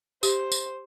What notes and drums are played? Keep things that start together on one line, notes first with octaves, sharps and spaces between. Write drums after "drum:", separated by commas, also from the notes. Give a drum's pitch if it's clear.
G4 C5, drum: tambourine
drum: tambourine